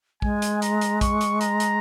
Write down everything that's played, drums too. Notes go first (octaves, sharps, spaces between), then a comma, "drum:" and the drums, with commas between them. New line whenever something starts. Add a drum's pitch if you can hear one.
G#3 G#5, drum: kick A#1
drum: hi-hat
A#5, drum: hi-hat
drum: hi-hat
C#6, drum: kick A#1, hi-hat
drum: hi-hat
A#5, drum: hi-hat
drum: hi-hat